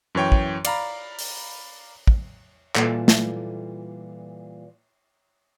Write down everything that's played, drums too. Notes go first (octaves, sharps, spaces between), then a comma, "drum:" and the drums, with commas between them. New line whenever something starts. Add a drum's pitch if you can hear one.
F#2 E3 C#5 G5
drum: kick
D5 F5 A#5 B5, drum: cymbal
drum: open hi-hat
drum: kick
A#2 E3 G3 F4 A4 F#5, drum: clap
drum: snare